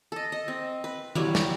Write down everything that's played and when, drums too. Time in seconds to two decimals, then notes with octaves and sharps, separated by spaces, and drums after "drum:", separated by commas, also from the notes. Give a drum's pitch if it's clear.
0.12 A4 D#5
0.32 D#5
0.48 C4
0.84 B4
1.15 F#3 G3 E4 C#5, drum: tom D#3
1.35 drum: snare